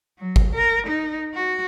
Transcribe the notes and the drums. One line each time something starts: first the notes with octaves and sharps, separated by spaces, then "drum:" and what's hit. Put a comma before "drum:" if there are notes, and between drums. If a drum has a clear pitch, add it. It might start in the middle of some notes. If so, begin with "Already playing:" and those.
F#3
drum: kick G#1
A#4
D#4
F#4